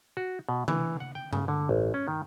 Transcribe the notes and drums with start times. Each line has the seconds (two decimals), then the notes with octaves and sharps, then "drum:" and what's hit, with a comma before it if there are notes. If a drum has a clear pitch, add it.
0.17 F#4
0.49 B2
0.68 E3, drum: tom C3
1.00 F#5
1.15 G5
1.33 C#3, drum: tom G2
1.48 D3
1.69 A1
1.94 C#4
2.08 D#3